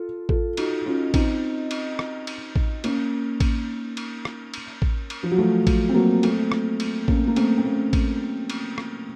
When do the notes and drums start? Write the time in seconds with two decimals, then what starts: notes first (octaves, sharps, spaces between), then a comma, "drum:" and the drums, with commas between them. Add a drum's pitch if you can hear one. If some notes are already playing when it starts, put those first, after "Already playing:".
Already playing: F4 A4
0.29 F4 A4, drum: kick A1
0.57 D#4 F#4, drum: cymbal
0.86 C#4 F4
1.14 C4 D#4, drum: kick A1, cymbal
1.71 drum: cymbal
1.99 drum: rim click
2.27 drum: cymbal
2.56 drum: kick A1
2.84 A#3 C#4, drum: cymbal
3.40 drum: kick A1, cymbal
3.97 drum: cymbal
4.25 drum: rim click
4.54 drum: cymbal
4.82 drum: kick A1
5.10 drum: cymbal
5.23 F3
5.31 F#3
5.38 F3 A3
5.67 drum: kick A1, cymbal
5.89 C4
5.94 F#3 A#3
6.23 A3 C4, drum: cymbal
6.52 drum: rim click
6.80 drum: cymbal
7.08 A#3 C#4, drum: kick A1
7.27 A#3
7.36 A3 C4, drum: cymbal
7.58 C4
7.65 A#3 C#4
7.93 drum: kick A1, cymbal
8.50 drum: cymbal
8.78 drum: rim click